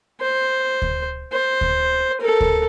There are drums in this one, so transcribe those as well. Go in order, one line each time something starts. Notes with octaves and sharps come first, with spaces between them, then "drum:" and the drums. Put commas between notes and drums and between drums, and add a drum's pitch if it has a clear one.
C5
drum: kick D2
C5
drum: kick D2
A4 A#4
drum: kick D2